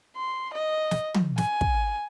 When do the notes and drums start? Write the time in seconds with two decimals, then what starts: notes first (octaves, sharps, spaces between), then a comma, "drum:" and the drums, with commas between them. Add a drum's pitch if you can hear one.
0.16 C6
0.54 D#5
0.91 drum: snare
1.14 drum: tom
1.38 G#5, drum: snare
1.61 drum: kick